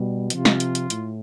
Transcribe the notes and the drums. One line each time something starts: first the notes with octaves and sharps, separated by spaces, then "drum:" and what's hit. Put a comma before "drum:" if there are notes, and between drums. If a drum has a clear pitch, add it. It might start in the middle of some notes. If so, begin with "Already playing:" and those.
Already playing: B2 G3
C3 F3 F4, drum: hi-hat
drum: snare
drum: hi-hat
drum: hi-hat
A2, drum: hi-hat